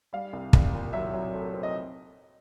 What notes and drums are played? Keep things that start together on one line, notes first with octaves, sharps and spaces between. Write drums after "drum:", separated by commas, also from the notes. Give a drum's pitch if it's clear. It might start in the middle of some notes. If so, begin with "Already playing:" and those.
G3 F5
C2
C2, drum: kick
A#2
F#3 E5
F#3
A3
C4
D#5